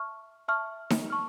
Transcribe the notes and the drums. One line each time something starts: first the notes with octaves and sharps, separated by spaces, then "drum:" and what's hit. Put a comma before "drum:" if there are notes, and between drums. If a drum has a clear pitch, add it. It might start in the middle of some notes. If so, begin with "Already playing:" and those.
Already playing: E5 A5 C#6 F6
E5 A5 C#6 F6
drum: snare D#4
A5 C#6 F6